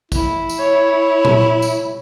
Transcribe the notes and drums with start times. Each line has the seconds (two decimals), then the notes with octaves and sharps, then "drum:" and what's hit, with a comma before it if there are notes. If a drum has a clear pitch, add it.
0.12 E4, drum: kick, tambourine
0.49 drum: tambourine
0.59 C#5
1.25 drum: tom A#2
1.62 drum: tambourine